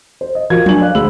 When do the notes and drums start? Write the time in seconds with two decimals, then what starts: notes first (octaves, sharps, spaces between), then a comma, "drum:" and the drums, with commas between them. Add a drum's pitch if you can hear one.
0.21 C5
0.35 D#5
0.50 F3 F#4 A#4 G#6
0.66 D4 G#5 C#6 G#6 F#7, drum: tom F3
0.81 D5 F5 F#6
0.95 D2 G#3 C5 B5 E6 F#7